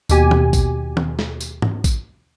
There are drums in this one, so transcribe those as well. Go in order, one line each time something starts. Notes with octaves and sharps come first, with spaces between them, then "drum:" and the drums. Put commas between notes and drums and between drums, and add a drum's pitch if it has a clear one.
D#2 B2 G4 G#5, drum: tambourine
drum: tom D#3
drum: kick A1, tambourine
drum: tom D#3
drum: snare
drum: tambourine
drum: tom G#2
drum: kick A1, tambourine